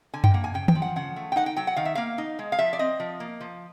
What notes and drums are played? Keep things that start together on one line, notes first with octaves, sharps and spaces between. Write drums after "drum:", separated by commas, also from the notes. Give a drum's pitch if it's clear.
D3 G#5
G5, drum: tom F#2
A#3 F#5
G#5
C#3 G5
G5, drum: tom D#3
F3
F#5
C#3 F#5
A3
G5
D#4 F#5
G5
F#3 G5
F#5
D#3 F5
E5
A#3 F5
D#4
G#3
F5
F3 E5
D5
C4 D#5
F3
A#3
F3